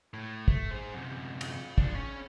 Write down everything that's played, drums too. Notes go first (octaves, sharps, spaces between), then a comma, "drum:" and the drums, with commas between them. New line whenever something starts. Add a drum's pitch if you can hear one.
A2
A3, drum: kick
G#4 C5
F#2 C3
drum: cymbal
F3 D4, drum: kick
C#4 C#5